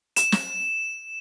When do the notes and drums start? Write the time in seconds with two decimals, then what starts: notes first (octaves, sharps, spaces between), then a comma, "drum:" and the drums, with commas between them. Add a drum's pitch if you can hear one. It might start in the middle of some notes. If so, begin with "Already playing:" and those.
0.16 E7, drum: hi-hat
0.32 drum: snare